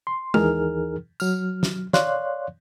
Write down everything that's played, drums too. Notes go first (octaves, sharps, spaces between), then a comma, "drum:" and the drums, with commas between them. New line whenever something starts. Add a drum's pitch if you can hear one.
C6
D#2 E3 D#4 G#4 A#4 F6, drum: tom G#3
F#3 F6, drum: tambourine
drum: snare
C#5 D5 F5 C6 F#6, drum: snare